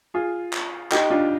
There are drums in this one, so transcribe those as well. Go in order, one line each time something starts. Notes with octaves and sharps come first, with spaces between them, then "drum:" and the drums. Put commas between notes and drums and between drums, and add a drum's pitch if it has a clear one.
F4 G#4
drum: clap
D#4 G4, drum: clap
D4 F4